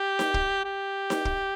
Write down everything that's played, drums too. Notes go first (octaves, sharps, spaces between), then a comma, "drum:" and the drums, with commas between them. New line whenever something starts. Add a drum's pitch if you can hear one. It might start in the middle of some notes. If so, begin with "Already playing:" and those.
Already playing: G4
drum: snare D#4
drum: kick
G4
drum: snare D#4
drum: kick